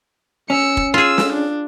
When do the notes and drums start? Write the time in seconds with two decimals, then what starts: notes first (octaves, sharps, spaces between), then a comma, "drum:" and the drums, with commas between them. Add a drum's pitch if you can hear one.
0.50 C#4 E6 C#7
0.77 drum: kick
0.94 F4 G#4 E6
1.18 drum: snare
1.33 D4